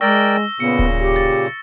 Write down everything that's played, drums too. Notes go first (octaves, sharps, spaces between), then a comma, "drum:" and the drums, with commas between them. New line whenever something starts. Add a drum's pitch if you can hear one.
G#3 A#4 D5 G5 C#6 E6 A#6
A#2 C#3 B3 C#7
drum: kick D1
G4
A6